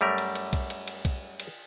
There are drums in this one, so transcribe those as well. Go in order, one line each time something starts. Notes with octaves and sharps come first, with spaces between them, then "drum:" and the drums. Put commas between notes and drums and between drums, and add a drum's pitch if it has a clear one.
F#2 G3 A3 A#4
drum: cymbal
drum: cymbal
drum: kick B1, cymbal
drum: cymbal
drum: cymbal
drum: kick B1, cymbal
drum: cymbal